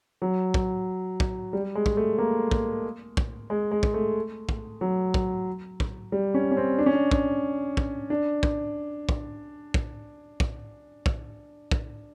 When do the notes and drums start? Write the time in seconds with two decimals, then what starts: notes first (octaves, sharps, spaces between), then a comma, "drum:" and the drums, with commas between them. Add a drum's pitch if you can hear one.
0.22 F#3
0.54 drum: kick
1.20 drum: kick
1.53 G3
1.75 G#3
1.86 drum: kick
1.97 A3
2.18 A#3
2.51 drum: kick
3.17 drum: kick
3.50 G#3
3.71 G#3
3.83 drum: kick
3.94 A3
4.49 drum: kick
4.81 F#3
5.14 drum: kick
5.80 drum: kick
6.12 G3
6.34 C#4
6.51 C#4
6.57 C4
6.79 D4
6.86 C#4
6.93 D4
7.11 drum: kick
7.77 drum: kick
8.10 D4
8.43 drum: kick
9.09 drum: kick
9.74 drum: kick
10.40 drum: kick
11.06 drum: kick
11.71 drum: kick